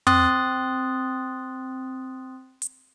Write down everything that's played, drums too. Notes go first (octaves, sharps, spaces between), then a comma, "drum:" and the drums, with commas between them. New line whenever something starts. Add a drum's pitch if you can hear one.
C4 C6 D#6 F#6 A6, drum: tom
drum: hi-hat